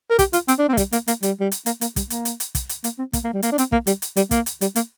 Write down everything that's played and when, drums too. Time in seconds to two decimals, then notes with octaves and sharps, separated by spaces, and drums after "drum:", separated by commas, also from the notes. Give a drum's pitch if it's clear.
0.10 A#4
0.19 G4, drum: kick, hi-hat
0.33 F4, drum: hi-hat
0.48 C4, drum: hi-hat
0.59 D4
0.69 C4
0.73 A#3
0.77 G3, drum: kick, hi-hat
0.92 A#3, drum: hi-hat
1.08 A#3, drum: hi-hat
1.23 G3, drum: hi-hat
1.40 G3
1.52 drum: hi-hat
1.66 A#3, drum: hi-hat
1.81 A#3, drum: hi-hat
1.96 G3, drum: kick, hi-hat
2.10 A#3, drum: hi-hat
2.25 drum: hi-hat
2.40 drum: hi-hat
2.55 drum: kick, hi-hat
2.69 drum: hi-hat
2.84 A#3, drum: hi-hat
2.99 C4
3.13 A#3, drum: kick, hi-hat
3.24 A#3
3.33 G3
3.43 A#3, drum: hi-hat
3.52 D4
3.58 C4, drum: hi-hat
3.72 A#3, drum: kick
3.87 G3, drum: hi-hat
4.02 drum: hi-hat
4.16 G3, drum: hi-hat
4.31 A#3, drum: kick, hi-hat
4.46 drum: hi-hat
4.61 G3, drum: hi-hat
4.76 A#3, drum: hi-hat